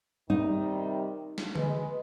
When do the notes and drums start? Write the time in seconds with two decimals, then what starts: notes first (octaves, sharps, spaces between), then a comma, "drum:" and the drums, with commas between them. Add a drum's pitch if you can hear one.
0.30 C3 D#3 G3 D#4
1.38 drum: snare
1.55 G#3 B4, drum: tom D3